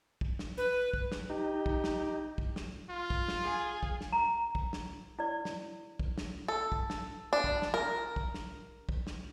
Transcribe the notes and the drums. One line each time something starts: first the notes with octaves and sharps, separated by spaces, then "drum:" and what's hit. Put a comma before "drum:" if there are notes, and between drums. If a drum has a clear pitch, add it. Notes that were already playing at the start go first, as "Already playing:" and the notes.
drum: kick
drum: snare
B4
drum: kick
drum: snare
D#4 G4
drum: kick
drum: snare
drum: kick
drum: snare
F4
drum: kick
drum: snare
G#4 G#5
drum: kick
drum: snare
A#5
drum: kick
drum: snare
E4 D5
drum: snare
drum: kick
drum: snare
A4
drum: kick
drum: snare
D4
drum: kick
drum: snare
A#4
drum: kick
drum: snare
drum: kick
drum: snare